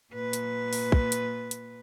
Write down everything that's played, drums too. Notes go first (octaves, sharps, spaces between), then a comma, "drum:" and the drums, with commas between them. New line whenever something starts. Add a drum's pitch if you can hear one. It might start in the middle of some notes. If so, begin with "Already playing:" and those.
A#2 B4
drum: hi-hat
drum: open hi-hat
drum: kick
drum: hi-hat
drum: hi-hat